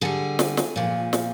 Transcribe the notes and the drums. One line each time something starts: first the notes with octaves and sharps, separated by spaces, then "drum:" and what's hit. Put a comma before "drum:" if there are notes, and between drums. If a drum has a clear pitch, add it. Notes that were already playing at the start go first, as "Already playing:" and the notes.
D3 G3 G#4
drum: snare
drum: snare
A#2 F3
drum: snare